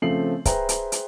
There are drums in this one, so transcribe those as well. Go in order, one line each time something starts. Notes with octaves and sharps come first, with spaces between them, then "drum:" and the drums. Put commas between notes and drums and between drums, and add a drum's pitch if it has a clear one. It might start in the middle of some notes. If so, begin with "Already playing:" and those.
C#3 F3 A3 C4 C7 F#7
G#4 B4 C5 E5 G5 A#5, drum: kick C#1, hi-hat
drum: hi-hat
drum: hi-hat